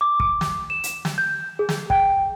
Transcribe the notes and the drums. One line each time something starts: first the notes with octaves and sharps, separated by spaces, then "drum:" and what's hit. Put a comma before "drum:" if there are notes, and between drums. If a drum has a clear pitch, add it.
D6
drum: kick
drum: snare
E7
drum: hi-hat
drum: snare
G6
G#4
drum: snare
G5, drum: kick